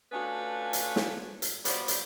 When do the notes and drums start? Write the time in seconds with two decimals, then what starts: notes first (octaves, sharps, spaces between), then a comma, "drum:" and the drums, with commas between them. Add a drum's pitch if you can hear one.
0.12 A3 C#4 D4 F4 F#4 B4
0.73 drum: hi-hat
0.96 drum: snare
1.42 drum: hi-hat
1.65 F3 G3 B3 F#4 D5, drum: hi-hat
1.88 drum: hi-hat